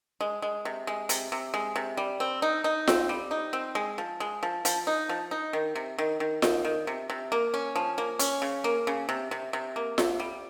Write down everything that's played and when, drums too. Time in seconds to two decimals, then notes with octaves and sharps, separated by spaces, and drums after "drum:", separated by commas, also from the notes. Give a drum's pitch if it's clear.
0.21 G#3
0.42 G#3
0.65 C3
0.87 G#3
1.09 C3, drum: hi-hat
1.32 C3
1.54 G#3
1.76 C3
1.97 G3
2.20 C4
2.42 D#4
2.64 D#4
2.87 C4, drum: snare F4
3.09 G3
3.31 D#4
3.53 C4
3.75 G#3
3.98 F3
4.20 G#3
4.43 F3
4.65 F3, drum: hi-hat
4.87 D#4
5.09 F3
5.31 D#4
5.53 D#3
5.75 C3
5.98 D#3
6.20 D#3
6.42 D#3, drum: snare F4
6.65 D#3
6.87 C3
7.10 C3
7.32 A#3
7.54 C#4
7.76 F3
7.98 A#3
8.19 C#4, drum: hi-hat
8.42 C#3
8.64 A#3
8.87 C#3
9.09 C3
9.31 C3
9.53 C3
9.76 A#3
9.98 C3, drum: snare F4
10.20 G3